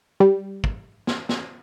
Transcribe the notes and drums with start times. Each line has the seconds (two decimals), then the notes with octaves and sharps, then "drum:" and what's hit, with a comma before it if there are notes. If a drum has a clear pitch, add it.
0.20 G3
0.64 drum: kick
1.07 drum: snare
1.29 drum: snare